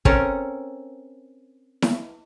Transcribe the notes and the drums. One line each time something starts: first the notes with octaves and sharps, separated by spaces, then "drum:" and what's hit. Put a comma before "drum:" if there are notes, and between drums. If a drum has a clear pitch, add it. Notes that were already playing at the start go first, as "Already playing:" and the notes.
C4 C#4 A4 A#4, drum: kick
drum: snare E4